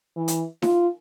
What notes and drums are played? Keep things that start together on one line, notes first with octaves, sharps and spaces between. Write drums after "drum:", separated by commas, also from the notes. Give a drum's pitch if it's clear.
E3
drum: hi-hat
F4, drum: snare D#4